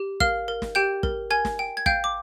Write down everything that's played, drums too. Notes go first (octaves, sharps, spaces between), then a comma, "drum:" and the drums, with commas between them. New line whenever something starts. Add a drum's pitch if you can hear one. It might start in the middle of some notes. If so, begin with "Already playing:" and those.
Already playing: G4
A#4 F5 F6, drum: kick
A#4
drum: snare
G4 G5 G6
A#4, drum: kick
A#4 G#5 G#6
drum: snare
G5
G#6
F5 G5 G6, drum: kick
D6